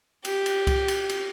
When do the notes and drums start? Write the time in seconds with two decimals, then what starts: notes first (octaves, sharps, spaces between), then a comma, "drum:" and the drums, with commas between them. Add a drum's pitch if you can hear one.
0.25 G4, drum: cymbal
0.46 drum: cymbal
0.67 drum: kick C2, cymbal
0.88 drum: cymbal
1.09 drum: cymbal